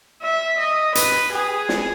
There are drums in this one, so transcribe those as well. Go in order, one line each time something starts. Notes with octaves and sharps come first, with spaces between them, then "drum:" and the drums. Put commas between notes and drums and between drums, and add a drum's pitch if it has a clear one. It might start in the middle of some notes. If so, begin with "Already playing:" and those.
E5
D#5
B4, drum: hi-hat
G#4
drum: snare